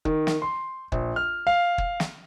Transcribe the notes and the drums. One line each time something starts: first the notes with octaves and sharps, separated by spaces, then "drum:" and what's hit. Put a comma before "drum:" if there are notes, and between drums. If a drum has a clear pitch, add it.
D#3, drum: kick
drum: snare
C6
A#1, drum: kick
F6
F5
drum: kick
drum: snare